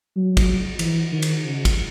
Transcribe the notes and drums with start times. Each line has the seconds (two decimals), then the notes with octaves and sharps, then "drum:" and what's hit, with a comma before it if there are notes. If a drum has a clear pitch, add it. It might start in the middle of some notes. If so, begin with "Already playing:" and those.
0.16 F#3
0.37 drum: kick, cymbal
0.79 E3, drum: cymbal
1.12 D#3
1.22 drum: cymbal
1.44 C#3
1.65 drum: kick, cymbal